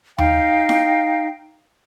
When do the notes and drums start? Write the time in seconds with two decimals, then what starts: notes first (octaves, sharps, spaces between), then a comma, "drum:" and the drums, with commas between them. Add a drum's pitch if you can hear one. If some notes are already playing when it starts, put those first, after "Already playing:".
0.18 D#4 F5 G5, drum: tom D#2
0.69 drum: snare E4